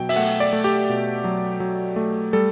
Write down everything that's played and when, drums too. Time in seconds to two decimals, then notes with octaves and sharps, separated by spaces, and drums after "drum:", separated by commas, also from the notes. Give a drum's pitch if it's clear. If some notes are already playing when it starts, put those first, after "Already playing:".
Already playing: B2 F#3 G5
0.09 E5, drum: open hi-hat
0.16 A3 F#5
0.40 D5
0.53 A3
0.64 G4
0.89 B2
1.24 F#3
1.60 F#3
1.96 A3
2.33 G3 A4